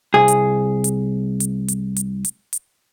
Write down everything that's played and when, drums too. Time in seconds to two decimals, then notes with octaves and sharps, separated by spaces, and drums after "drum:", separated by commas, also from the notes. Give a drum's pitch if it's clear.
0.14 C2 G#4
0.28 drum: hi-hat
0.84 drum: hi-hat
1.40 drum: hi-hat
1.68 drum: hi-hat
1.96 drum: hi-hat
2.25 drum: hi-hat
2.53 drum: hi-hat